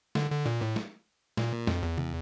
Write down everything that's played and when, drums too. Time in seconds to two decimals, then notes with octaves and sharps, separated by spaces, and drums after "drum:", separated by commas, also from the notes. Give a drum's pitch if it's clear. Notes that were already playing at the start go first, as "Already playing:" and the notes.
0.15 D3, drum: snare
0.31 D3
0.46 A#2
0.62 A2
0.76 drum: snare
1.37 A#2, drum: snare
1.67 F2, drum: snare
1.83 E2
1.98 drum: tom C3